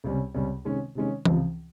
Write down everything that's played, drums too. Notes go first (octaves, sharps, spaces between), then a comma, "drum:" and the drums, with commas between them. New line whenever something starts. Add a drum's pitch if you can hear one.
C#2 C3 G3 C#4
C#2 C3 G3 C#4
C3 D#3 G#3 C#4
C3 D#3 G#3 C#4
C#2 C3 F3 C4, drum: tom E3